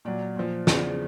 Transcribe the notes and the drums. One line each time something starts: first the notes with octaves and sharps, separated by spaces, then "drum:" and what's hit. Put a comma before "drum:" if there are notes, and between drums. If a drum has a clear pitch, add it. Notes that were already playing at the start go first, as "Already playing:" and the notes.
A#2 F#3 D5
A#2 F3
E2 C#3 F3 D5, drum: snare